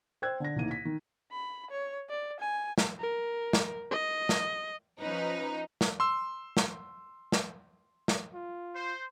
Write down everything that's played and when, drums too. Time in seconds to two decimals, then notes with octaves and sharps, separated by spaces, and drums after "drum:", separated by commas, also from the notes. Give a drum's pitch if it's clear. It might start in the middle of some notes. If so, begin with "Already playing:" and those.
0.22 C5 G5 E6 F#6 G#6
0.40 D3 A#6
0.56 C2 A2 D#3 A#3 D#7
0.71 B6
0.85 D#3
1.31 B5
1.70 C#5
2.10 D5
2.39 G#5
2.78 drum: snare
3.00 A#4
3.53 drum: snare
3.91 D#5
4.29 drum: snare
5.00 F3 C#4 D#4 B4
5.81 drum: snare
6.00 C6 E6
6.57 drum: snare
7.32 drum: snare
8.08 drum: snare
8.34 F4
8.75 C5